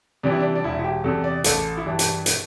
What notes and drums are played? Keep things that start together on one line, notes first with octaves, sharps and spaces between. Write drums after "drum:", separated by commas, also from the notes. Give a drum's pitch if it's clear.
C3 E3 G3 D4
E4
D4
D4
E1 E4
E4
G4
E2 C3 A4
D5
A1 A4, drum: hi-hat
E4
G2 E3 G3 D4
drum: hi-hat
drum: hi-hat